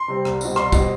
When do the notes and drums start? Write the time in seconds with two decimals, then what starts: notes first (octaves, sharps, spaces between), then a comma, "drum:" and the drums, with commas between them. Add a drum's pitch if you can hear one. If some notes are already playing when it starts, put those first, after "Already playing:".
Already playing: C6
0.08 C3 G3 C4
0.25 C2, drum: rim click
0.41 B2 G3 C4, drum: tambourine
0.56 C2 C6, drum: rim click
0.72 B2 G3 C4, drum: kick, tambourine